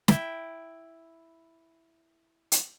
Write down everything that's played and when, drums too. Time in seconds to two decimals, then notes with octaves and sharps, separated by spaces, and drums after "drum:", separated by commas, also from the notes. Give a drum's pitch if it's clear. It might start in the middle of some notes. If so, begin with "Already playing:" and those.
0.08 E4 G5, drum: snare
2.52 drum: hi-hat